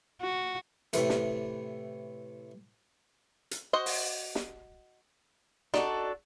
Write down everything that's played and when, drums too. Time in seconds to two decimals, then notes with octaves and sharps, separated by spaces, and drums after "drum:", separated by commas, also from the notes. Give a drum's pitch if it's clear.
0.22 F#4
0.93 A2 C3 E3 A3, drum: hi-hat
1.10 drum: snare
3.51 drum: hi-hat
3.73 F#4 C5 D#5
3.86 drum: open hi-hat
4.35 drum: snare
5.74 D4 D#4 F#4 A4, drum: snare